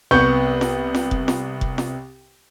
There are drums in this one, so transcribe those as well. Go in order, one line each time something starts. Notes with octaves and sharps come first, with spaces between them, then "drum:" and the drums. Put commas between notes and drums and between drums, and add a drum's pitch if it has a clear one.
C2 B3 C#6 G6
drum: snare F4
drum: snare F4
drum: kick F1
drum: snare F4
drum: kick F1
drum: snare F4